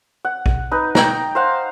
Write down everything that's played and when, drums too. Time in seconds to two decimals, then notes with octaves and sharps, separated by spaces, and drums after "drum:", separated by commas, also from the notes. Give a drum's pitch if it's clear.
0.25 F#5
0.46 drum: kick A#1
0.72 D#4 B4
0.95 G5 A#5, drum: snare
1.35 C5 F5 F#5